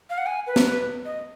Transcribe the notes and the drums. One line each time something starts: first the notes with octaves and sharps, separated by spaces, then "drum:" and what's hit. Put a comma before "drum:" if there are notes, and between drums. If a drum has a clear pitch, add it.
F5
F#5
G#5
B4
drum: snare
B4
D#5